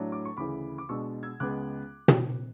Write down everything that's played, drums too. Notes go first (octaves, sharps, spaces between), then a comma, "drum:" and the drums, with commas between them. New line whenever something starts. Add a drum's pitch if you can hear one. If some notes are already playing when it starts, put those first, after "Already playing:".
Already playing: A2 F#3 A3 D4
D6
C#6
D2 C#3 E3 B5 D6
D6
B2 G#3 D4 C#6 E6
E6 G#6
C#2 C#3 G#3 B3 D6 F#6
drum: tom